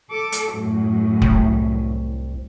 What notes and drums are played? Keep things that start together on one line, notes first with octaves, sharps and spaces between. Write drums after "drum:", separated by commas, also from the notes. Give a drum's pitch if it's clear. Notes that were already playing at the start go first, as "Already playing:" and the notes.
A4 D6
drum: hi-hat
F#2 A2
C2, drum: kick F1